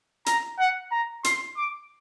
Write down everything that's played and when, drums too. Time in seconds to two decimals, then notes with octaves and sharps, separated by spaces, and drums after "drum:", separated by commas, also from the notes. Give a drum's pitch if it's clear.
0.26 A#5, drum: hi-hat
0.59 F#5
0.91 A#5
1.24 C6, drum: hi-hat
1.57 D6